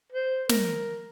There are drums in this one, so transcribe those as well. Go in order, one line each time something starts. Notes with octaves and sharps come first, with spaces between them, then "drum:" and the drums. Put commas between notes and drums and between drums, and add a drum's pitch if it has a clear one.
C5
A#4, drum: snare